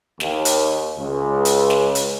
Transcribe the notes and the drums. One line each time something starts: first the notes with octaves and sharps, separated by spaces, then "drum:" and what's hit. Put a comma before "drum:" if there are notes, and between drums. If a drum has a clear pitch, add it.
D#2, drum: snare
drum: hi-hat
C#2
drum: hi-hat
drum: snare
drum: hi-hat